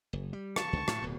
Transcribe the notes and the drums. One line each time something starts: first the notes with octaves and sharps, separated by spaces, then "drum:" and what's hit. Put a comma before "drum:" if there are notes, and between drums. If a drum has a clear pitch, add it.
F#1
G3
A5 C#6, drum: rim click
C#2 D3
A2, drum: rim click
D1 B2